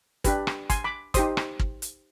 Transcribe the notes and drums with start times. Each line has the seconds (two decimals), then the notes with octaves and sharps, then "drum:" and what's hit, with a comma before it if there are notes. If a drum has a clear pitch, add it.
0.24 D4 G4 B4, drum: kick, hi-hat
0.47 drum: rim click
0.70 G#5 C6, drum: kick, hi-hat
0.84 B5 D6
1.14 D#4 G4 C5 C6 D#6, drum: kick, hi-hat
1.37 drum: rim click
1.59 drum: kick
1.82 drum: hi-hat